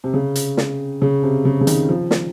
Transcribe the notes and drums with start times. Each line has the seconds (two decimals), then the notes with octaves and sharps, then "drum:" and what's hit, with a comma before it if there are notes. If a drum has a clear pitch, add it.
0.04 C3
0.14 C#3
0.35 drum: hi-hat
0.57 drum: snare
1.02 C#3
1.23 C3
1.45 C#3
1.61 C#3
1.67 D#3, drum: hi-hat
1.88 F3
2.11 drum: snare